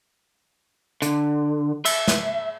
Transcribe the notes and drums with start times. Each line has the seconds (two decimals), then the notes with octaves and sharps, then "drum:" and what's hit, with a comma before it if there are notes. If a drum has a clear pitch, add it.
1.02 D3, drum: hi-hat
1.85 E5, drum: cymbal
2.08 drum: snare